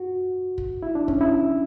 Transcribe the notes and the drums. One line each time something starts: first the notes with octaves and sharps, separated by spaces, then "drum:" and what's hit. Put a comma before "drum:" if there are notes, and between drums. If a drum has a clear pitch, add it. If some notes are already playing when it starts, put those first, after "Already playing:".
Already playing: F#4
drum: kick
E4
D4
C#4, drum: kick
E4